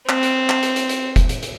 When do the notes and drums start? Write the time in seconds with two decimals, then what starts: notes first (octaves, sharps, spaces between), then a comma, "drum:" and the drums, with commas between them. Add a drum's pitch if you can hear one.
0.09 C4, drum: clap
0.23 drum: hi-hat
0.49 drum: clap
0.63 drum: hi-hat
0.76 drum: hi-hat
0.89 drum: hi-hat
1.16 drum: kick F1, hi-hat
1.29 drum: hi-hat
1.43 drum: hi-hat